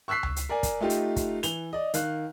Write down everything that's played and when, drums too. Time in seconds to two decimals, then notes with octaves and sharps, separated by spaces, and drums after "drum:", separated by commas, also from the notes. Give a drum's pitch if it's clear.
0.08 C#6 E6 F#6 B6 C7
0.23 drum: tom C#2
0.36 drum: hi-hat
0.49 A#4 D5 G#5
0.63 drum: kick, hi-hat
0.81 A3 D#4 F4 G4
0.90 drum: hi-hat
1.16 drum: kick, hi-hat
1.43 E3 F7 G7, drum: hi-hat
1.73 D5 D#5
1.94 D#3 F5 F#6, drum: hi-hat